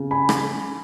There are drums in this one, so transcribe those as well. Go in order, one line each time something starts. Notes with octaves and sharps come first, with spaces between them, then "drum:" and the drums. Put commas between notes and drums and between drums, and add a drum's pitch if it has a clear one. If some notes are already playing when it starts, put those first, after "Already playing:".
Already playing: C#3
G#5 B5
drum: rim click